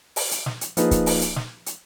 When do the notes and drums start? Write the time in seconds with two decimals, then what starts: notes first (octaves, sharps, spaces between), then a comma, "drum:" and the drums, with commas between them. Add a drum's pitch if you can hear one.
0.16 drum: open hi-hat
0.31 drum: hi-hat
0.46 drum: snare
0.61 drum: hi-hat
0.77 F3 A#3 D#4 G#4 B4, drum: hi-hat
0.91 drum: kick C#1, hi-hat
1.06 drum: open hi-hat
1.21 drum: hi-hat
1.36 drum: snare
1.66 drum: hi-hat